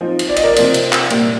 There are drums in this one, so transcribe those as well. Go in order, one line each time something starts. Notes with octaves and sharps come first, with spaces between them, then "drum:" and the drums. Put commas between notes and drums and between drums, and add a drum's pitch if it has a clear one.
F3 C4 D#4
drum: cymbal
D5
D#5, drum: cymbal
A#4 D5
C3 F3 C4, drum: cymbal
drum: cymbal
drum: clap
A#2 G3 A#3, drum: cymbal